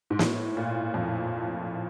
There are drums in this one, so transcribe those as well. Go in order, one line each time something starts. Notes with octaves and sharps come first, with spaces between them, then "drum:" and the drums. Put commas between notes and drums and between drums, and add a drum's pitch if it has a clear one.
G#2
A2, drum: snare
A#2
F2